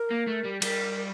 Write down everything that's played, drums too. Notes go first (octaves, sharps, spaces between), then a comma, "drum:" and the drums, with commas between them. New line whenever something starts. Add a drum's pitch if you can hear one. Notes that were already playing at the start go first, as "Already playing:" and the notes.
Already playing: A#4
A#3
A3
G3
G3 A#4, drum: cymbal
A#4